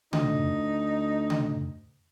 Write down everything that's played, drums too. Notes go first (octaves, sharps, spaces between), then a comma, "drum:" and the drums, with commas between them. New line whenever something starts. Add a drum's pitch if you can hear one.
D2 D#4, drum: tom C#3
drum: tom C#3